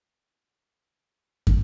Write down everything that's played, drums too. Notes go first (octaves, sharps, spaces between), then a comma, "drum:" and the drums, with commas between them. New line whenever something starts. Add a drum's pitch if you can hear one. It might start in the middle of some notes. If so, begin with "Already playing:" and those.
Already playing: D4
A2 G3 B3
A2 G3 B3 C4
C3 G3 B3 D4
F#2 D3 A3 E4
drum: kick